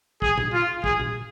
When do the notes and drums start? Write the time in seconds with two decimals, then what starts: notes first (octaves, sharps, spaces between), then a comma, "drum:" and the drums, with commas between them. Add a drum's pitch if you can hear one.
0.22 G#4, drum: kick
0.38 drum: tom A#2
0.54 F4
0.84 G#4, drum: kick
1.00 drum: tom A#2